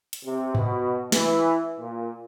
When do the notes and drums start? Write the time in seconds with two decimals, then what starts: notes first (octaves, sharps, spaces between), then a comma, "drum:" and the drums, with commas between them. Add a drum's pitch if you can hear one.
0.13 drum: hi-hat
0.24 C3
0.55 B2, drum: tom G#2
1.12 E3, drum: snare
1.78 A#2